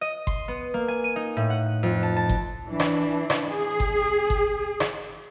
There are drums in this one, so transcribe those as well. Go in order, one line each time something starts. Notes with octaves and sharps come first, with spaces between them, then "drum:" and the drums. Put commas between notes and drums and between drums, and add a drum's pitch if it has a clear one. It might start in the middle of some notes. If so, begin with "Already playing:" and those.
D#5
C6, drum: kick G1
B3
A#3
G#5
D#7
D#4
A2
F#5
F2
A5
A5
drum: kick G1
E3 D4
drum: rim click
drum: rim click
G#4
drum: kick G1
drum: kick G1
drum: rim click